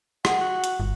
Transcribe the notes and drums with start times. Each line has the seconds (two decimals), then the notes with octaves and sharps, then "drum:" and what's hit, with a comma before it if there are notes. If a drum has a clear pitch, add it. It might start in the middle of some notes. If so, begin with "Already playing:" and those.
0.25 G#4 F#5, drum: rim click
0.41 F#4
0.64 drum: hi-hat
0.80 G1